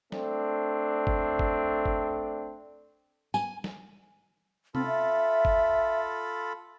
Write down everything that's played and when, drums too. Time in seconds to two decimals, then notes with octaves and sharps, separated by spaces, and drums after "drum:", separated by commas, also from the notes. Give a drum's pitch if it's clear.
0.12 A3 C4 D4, drum: snare
1.07 drum: kick G1
1.39 drum: kick G1
1.86 drum: kick G1
3.34 G#5, drum: tambourine
3.64 drum: snare
4.75 C4 F4 A4 B5, drum: tom C3
4.87 E5
5.45 drum: kick G1